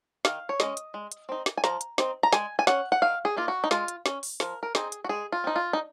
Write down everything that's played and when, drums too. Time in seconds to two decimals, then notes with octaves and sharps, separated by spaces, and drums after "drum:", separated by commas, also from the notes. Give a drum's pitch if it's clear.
0.25 D#3 F5, drum: snare
0.49 C#5
0.60 G#3 C#4 D#5, drum: snare
0.77 drum: hi-hat
0.94 G#3
1.12 drum: hi-hat
1.29 C4 D#4
1.46 drum: snare
1.57 G#5
1.64 F3 A#5, drum: snare
1.81 drum: hi-hat
1.98 C4 D#4, drum: snare
2.23 A#5
2.33 G#3 G#5, drum: snare
2.59 G#5
2.67 C#4 F#5, drum: snare
2.92 F#5
3.02 D#3 F5
3.25 G#4
3.36 A#3 D#4 F4
3.48 F#4
3.64 D#4
3.71 G#3 F4, drum: snare
3.88 drum: hi-hat
4.06 C#4, drum: snare
4.23 drum: open hi-hat
4.40 F3 A#4, drum: snare
4.63 A#4
4.75 C4 D#4 G#4, drum: snare
4.92 drum: hi-hat
5.04 F#4
5.09 G#3 G#4
5.32 F4
5.44 C4 D#4
5.56 F4
5.73 D#4